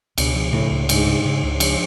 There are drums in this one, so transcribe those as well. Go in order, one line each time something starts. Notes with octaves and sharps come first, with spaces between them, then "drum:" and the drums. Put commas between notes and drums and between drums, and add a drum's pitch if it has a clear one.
C#2 B2, drum: cymbal
F3
A2 C#3
C#2
G#2 C#3, drum: cymbal
C#3
C#3
C#2
F3, drum: cymbal